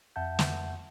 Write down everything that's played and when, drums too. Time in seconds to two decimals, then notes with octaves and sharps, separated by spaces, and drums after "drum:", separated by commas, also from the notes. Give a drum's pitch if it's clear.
0.16 F2 E5 F#5 A5 G6
0.39 drum: snare